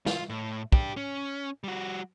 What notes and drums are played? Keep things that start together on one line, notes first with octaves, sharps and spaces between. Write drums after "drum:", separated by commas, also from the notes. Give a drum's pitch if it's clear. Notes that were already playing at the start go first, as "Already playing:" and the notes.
F4, drum: snare
A2
D4 G4, drum: kick
C#4
G3 F#4